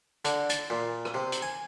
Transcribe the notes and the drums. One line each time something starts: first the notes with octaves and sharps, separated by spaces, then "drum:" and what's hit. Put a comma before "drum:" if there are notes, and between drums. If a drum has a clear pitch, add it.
D3, drum: hi-hat
A5, drum: hi-hat
A#2
drum: rim click
C3
drum: hi-hat
G#5